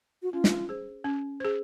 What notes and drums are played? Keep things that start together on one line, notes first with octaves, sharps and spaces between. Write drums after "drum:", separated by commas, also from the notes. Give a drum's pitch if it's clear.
F#4
C#4 F4
drum: snare
G#4 C5
C#4
G#4 C5